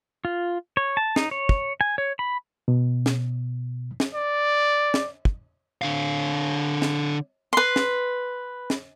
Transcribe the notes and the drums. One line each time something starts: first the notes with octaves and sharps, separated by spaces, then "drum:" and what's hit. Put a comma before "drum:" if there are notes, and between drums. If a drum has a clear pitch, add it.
F4
C#5
A5
D#4, drum: snare
C#5
drum: kick
G#5
C#5
B5
B2
drum: snare
drum: snare
D5
drum: snare
drum: kick
D3 F5
drum: snare
B4 C6
drum: snare
drum: snare